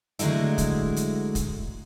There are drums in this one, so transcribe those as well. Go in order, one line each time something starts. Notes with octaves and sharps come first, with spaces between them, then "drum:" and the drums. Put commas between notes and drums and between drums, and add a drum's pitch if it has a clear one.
D3 F#3 G#3 A3 E4, drum: hi-hat
drum: kick, hi-hat
drum: hi-hat
drum: kick, hi-hat